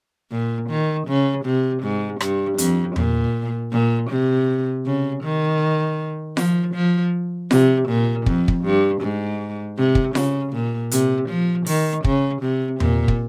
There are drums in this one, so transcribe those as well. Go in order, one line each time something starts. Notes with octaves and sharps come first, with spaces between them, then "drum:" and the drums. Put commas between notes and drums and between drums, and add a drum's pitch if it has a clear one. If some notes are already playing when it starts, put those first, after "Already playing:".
A#2
D#3
C#3
C3
G#2
G2, drum: rim click
F2, drum: hi-hat
A#2, drum: tom E2
A#2
C3
C#3
D#3
F3, drum: snare F4
F3
C3, drum: snare F4
A#2
F2, drum: kick
drum: kick
G2
G#2
C3
drum: kick
C#3, drum: snare F4
A#2
C3, drum: hi-hat
F3
D#3, drum: open hi-hat
C#3, drum: kick
C3
A#2, drum: tom E2
drum: kick